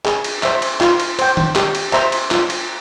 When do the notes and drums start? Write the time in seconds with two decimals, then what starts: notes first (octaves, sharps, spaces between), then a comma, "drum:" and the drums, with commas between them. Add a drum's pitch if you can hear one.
0.06 G#4, drum: clap
0.24 drum: cymbal
0.43 C5 E5, drum: clap
0.62 drum: cymbal
0.81 F4, drum: clap
1.00 drum: cymbal
1.19 C5 G5, drum: cymbal
1.37 drum: tom D#3
1.56 G4, drum: clap
1.75 drum: cymbal
1.93 C5 E5 A#5, drum: clap
2.12 drum: cymbal
2.31 F4, drum: clap
2.50 drum: cymbal